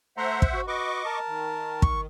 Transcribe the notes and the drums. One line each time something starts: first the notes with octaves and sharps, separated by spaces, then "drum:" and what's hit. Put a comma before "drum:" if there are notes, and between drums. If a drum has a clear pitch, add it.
A3 C5 E5 F#5 A#5 C6
drum: kick
F#4
F#4 B4 D#5 C#6 D6
A#4 A5
D#3
C#6, drum: kick